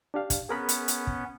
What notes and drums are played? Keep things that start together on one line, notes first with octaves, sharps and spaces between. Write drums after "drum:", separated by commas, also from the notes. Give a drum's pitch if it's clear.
D4 G4 F5
drum: kick, hi-hat
B3 C#4 G#4 A#4 B5
drum: hi-hat
drum: hi-hat
drum: kick